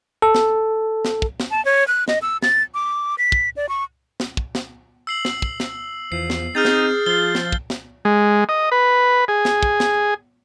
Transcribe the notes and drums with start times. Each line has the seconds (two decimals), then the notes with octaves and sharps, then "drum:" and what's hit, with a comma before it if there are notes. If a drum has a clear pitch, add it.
0.22 A4
0.35 drum: snare
1.05 drum: snare
1.22 drum: kick
1.40 drum: snare
1.51 A5
1.65 C#5
1.88 F#6
2.08 D#5, drum: snare
2.22 E6
2.42 A6, drum: snare
2.74 D6
3.18 B6
3.32 drum: kick
3.57 D5
3.69 C#6
4.20 drum: snare
4.37 drum: kick
4.55 drum: snare
5.07 E6 C7 F#7
5.25 drum: snare
5.42 drum: kick
5.60 drum: snare
6.12 E2 F3 C7
6.30 drum: snare
6.55 C4 D#4 G#4 F6 G6 A6
6.65 drum: snare
7.06 F3 F4 G7
7.35 drum: snare
7.52 drum: kick
7.70 drum: snare
8.05 G#3
8.49 D#5
8.71 B4
9.28 G#4
9.45 drum: snare
9.63 drum: kick
9.80 drum: snare